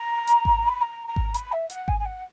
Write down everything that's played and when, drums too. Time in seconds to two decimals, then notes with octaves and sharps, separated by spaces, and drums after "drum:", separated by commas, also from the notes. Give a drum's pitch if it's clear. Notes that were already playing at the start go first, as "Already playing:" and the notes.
Already playing: A#5
0.27 drum: hi-hat
0.45 drum: kick G#1
0.68 B5
0.81 A#5
1.07 A#5
1.16 drum: kick G#1
1.34 B5, drum: hi-hat
1.52 E5
1.70 F#5, drum: hi-hat
1.88 G#5, drum: kick G#1
1.99 G#5
2.05 F#5